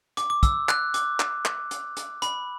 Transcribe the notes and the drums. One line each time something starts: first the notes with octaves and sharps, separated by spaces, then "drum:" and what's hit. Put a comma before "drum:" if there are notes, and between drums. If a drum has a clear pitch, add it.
D6, drum: hi-hat
D6
E6, drum: kick, hi-hat
F#6, drum: clap
D6, drum: hi-hat
drum: clap
drum: clap
drum: hi-hat
drum: hi-hat
B5, drum: hi-hat